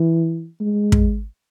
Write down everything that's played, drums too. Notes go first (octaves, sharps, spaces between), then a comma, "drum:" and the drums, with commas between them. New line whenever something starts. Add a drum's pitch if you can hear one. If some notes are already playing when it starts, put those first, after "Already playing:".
Already playing: E3
G#3
drum: kick